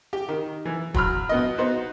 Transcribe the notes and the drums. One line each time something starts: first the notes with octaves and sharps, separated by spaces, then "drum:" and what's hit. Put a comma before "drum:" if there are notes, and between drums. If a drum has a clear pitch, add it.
G4
D#3
E3
F#3 B5 F6, drum: kick
B2 B3 D#5
B3 D#4 F#4 C5